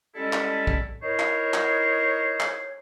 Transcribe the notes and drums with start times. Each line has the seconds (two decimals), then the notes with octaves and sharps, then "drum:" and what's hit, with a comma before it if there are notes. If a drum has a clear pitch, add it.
0.16 G3 G#3 C#4 E4 A4
0.33 drum: clap
0.67 drum: kick
1.03 D#4 E4 A#4 C5 C#5
1.19 drum: clap
1.54 drum: clap
2.40 drum: clap